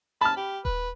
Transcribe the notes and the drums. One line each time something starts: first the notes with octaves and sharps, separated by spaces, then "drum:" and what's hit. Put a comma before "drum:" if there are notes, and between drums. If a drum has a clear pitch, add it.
A5 B5 F6
G4
B4, drum: kick D#1